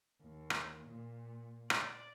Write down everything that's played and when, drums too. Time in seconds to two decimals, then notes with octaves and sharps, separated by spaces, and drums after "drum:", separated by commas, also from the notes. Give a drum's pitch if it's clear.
0.23 D#2
0.50 drum: rim click
0.88 A#2
1.70 D5, drum: rim click